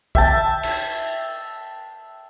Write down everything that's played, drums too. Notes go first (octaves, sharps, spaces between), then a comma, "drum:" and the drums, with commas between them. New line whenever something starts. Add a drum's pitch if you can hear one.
E5 G5 A5, drum: kick
drum: cymbal